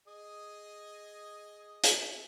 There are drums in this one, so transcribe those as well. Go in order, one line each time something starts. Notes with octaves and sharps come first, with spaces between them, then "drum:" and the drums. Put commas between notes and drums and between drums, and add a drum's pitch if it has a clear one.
G#4 D#5
drum: hi-hat